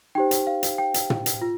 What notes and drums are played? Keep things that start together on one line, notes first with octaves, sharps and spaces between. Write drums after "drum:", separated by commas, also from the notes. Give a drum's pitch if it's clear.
D#4 G4 C5 G5
drum: hi-hat
F5
drum: hi-hat
G5
drum: hi-hat
drum: tom
drum: hi-hat
F4